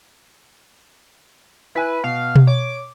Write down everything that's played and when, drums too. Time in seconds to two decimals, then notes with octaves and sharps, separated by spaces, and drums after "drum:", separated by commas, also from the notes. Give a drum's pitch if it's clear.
1.75 E4 B4 G#5
2.04 B2 F5
2.36 drum: tom B2
2.47 C#5 D6